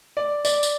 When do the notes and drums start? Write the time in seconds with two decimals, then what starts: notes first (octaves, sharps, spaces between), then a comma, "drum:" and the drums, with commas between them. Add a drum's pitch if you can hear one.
0.17 D5
0.45 D5, drum: tambourine
0.63 drum: tambourine